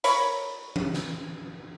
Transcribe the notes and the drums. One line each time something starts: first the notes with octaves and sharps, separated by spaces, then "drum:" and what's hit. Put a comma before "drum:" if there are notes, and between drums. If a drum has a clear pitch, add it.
A#4 C#5 B5, drum: hi-hat
drum: tom E3
drum: snare